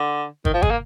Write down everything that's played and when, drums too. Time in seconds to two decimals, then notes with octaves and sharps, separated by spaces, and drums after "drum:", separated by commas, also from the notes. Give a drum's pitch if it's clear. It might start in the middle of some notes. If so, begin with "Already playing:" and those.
Already playing: D3
0.45 D#3, drum: kick
0.54 F3
0.62 G#3, drum: kick
0.70 A#3